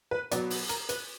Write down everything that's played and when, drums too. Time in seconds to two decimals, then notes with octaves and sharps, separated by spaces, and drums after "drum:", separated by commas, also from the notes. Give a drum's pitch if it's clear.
0.11 B4
0.31 B2 F#3 B3 D5, drum: hi-hat
0.50 drum: open hi-hat
0.69 A#4, drum: hi-hat
0.89 B4, drum: hi-hat